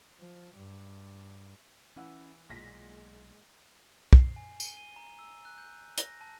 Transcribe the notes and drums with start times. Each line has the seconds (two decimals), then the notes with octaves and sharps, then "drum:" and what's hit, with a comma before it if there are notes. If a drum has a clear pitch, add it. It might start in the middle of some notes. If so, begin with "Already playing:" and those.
0.20 F3
0.56 G2
1.96 E3 C#4 E4 F#5 E6
2.49 B1 A#2 G#3 A#6 B6
4.13 C7, drum: kick
4.36 G#5
4.60 G7, drum: tambourine
4.77 D#7
4.96 A#5
5.19 E6
5.45 F#6
5.58 G6
5.98 A#6, drum: hi-hat
6.21 A5